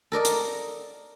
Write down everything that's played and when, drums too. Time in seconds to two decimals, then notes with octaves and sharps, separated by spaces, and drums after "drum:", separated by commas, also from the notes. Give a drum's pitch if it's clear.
0.12 A4 A#4 D5 D#5
0.25 drum: hi-hat